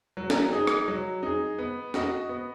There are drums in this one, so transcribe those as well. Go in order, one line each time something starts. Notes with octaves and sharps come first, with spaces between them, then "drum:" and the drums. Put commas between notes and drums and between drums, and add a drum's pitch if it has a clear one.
F#3
drum: snare
D#4 G#4
drum: rim click
F#3
D#4 G#4
B3
F#4 D#5, drum: snare
B3